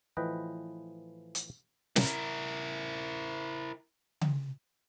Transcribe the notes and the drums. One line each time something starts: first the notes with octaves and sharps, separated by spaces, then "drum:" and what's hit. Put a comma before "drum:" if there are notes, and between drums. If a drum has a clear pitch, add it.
A2 E3 F3 B4 D#5 G5
drum: hi-hat
E4 A#4, drum: snare
drum: tom C#3